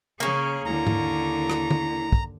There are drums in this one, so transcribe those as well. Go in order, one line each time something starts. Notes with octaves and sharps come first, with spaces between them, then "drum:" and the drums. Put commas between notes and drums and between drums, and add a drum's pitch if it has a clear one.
C#3 A#3 C#4 G#4
D#2 D3 E4 A#5
drum: tom G#2
drum: rim click
drum: tom D3
drum: kick